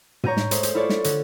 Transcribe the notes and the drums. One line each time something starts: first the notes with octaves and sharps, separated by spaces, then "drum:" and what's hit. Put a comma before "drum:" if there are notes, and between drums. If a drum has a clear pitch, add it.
C#5 A#5 G6 D#7, drum: tom
drum: snare
G#3 A3 C5, drum: hi-hat
drum: hi-hat
E4 F4 A4 C#5 D5
drum: snare
D3, drum: hi-hat